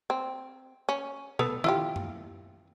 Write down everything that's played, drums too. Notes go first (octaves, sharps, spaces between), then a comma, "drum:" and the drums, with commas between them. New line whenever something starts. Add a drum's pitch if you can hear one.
C4
C#4
B3 A4 B4, drum: tom B2
E4 F4 G4, drum: tom D#3
drum: tom F#2